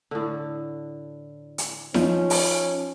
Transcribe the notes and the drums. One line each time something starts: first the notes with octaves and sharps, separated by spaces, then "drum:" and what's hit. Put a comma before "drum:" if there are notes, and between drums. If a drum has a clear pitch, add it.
A2 D3
drum: hi-hat
F3 C#4 D#4, drum: snare E4
drum: open hi-hat